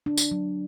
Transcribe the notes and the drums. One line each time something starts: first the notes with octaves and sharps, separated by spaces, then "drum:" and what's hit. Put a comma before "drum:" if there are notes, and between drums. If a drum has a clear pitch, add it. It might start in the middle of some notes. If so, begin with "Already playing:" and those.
D4
drum: tambourine
F#3